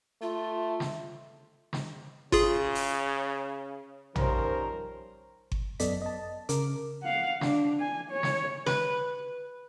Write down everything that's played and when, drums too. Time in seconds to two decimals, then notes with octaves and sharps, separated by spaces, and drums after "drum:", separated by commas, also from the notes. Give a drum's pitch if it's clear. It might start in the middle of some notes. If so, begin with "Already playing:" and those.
0.22 A3 F4
0.80 drum: snare
1.73 drum: snare
2.32 C#3 F4 G#4, drum: kick G1
2.75 drum: open hi-hat
4.16 D#3 F3 G3 C#4 A#4 C5, drum: tom
5.52 drum: kick G1
5.79 F#2 B3 A4 D5 D#5 B6, drum: hi-hat
6.02 D#5 A5
6.49 C#3 A#4 D6, drum: hi-hat
7.03 F5 F#5
7.41 D4, drum: snare
7.79 G#5
8.11 C#5
8.23 drum: snare
8.66 B4, drum: snare